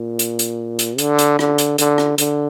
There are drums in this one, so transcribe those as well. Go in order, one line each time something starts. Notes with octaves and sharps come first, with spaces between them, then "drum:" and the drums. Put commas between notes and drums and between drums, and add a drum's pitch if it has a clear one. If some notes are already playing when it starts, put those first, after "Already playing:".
Already playing: A#2
drum: hi-hat
drum: hi-hat
drum: hi-hat
D3, drum: hi-hat
drum: hi-hat
D3, drum: rim click
drum: hi-hat
D3, drum: hi-hat
drum: rim click
D3, drum: hi-hat